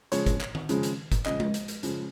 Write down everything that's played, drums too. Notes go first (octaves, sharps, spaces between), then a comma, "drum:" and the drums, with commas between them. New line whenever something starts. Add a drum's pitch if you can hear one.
C#3 F3 G#3 C#5, drum: hi-hat
drum: kick F#1, hi-hat
drum: clap
drum: tom D#3
C#3 F3 G#3, drum: hi-hat
drum: hi-hat
drum: kick F#1, hi-hat
C#3 F3 G#3 D#5, drum: clap
drum: tom G#3
drum: hi-hat
drum: hi-hat
C#3 F3 G#3, drum: hi-hat